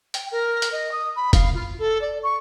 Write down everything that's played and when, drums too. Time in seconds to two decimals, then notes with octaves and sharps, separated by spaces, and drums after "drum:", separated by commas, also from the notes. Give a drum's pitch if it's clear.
0.14 G5, drum: hi-hat
0.31 A#4
0.62 drum: hi-hat
0.72 D#5
0.91 D#6
1.15 B5
1.33 F5, drum: kick F1, hi-hat
1.54 F4
1.78 A4
2.01 D5
2.22 C#6